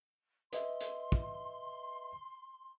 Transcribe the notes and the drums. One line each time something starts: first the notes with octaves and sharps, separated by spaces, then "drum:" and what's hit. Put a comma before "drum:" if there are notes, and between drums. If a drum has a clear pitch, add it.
B4 D#5 E5 C6, drum: hi-hat
drum: hi-hat
drum: kick